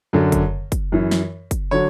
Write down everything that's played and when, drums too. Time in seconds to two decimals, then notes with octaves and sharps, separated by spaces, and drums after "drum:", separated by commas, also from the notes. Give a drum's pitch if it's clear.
0.13 F#2 D3 F#3
0.32 drum: kick, hi-hat
0.72 drum: kick, hi-hat
0.92 F#2 E3
1.11 drum: snare
1.51 drum: kick, hi-hat
1.71 D3 F#3 C#5